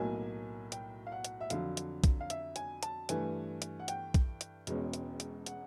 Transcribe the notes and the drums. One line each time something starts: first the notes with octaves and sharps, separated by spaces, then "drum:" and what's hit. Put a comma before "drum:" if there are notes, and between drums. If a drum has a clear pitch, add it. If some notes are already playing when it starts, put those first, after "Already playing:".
Already playing: B1 A2 F#3 A#3 G#5
G5, drum: hi-hat
F5
F#5
drum: hi-hat
E5
F2 D3 F#3 F5, drum: hi-hat
drum: hi-hat
drum: kick, hi-hat
F5
E5, drum: hi-hat
G#5, drum: hi-hat
A5, drum: hi-hat
G2 E3 A3 G#5, drum: hi-hat
drum: hi-hat
F#5
G5, drum: hi-hat
drum: kick, hi-hat
drum: hi-hat
E1 E2 B2 G#3 C#4, drum: hi-hat
drum: hi-hat
drum: hi-hat
F#5, drum: hi-hat